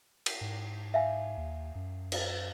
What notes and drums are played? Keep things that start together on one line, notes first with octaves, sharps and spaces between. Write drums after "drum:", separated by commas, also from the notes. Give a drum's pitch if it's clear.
drum: cymbal
G#2
E5 F5 G#5
D#2
F#2
drum: cymbal